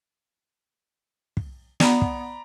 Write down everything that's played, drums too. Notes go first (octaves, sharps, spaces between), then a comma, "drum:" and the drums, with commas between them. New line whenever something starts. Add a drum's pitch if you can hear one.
drum: kick
B3 D5 A#5 B5, drum: snare
drum: kick